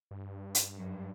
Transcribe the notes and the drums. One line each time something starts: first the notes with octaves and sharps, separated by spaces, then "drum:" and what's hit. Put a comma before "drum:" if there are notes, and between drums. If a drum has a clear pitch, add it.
G2
drum: hi-hat
F#2